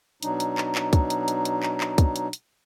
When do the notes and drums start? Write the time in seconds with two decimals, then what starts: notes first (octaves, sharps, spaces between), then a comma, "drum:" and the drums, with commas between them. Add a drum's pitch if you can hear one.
0.23 B2 F#3 D4 D#4, drum: hi-hat
0.40 drum: hi-hat
0.58 drum: clap
0.75 drum: clap
0.93 drum: kick, hi-hat
1.10 drum: hi-hat
1.28 drum: hi-hat
1.45 drum: hi-hat
1.63 drum: clap
1.81 drum: clap
1.98 drum: kick, hi-hat
2.16 drum: hi-hat
2.33 drum: hi-hat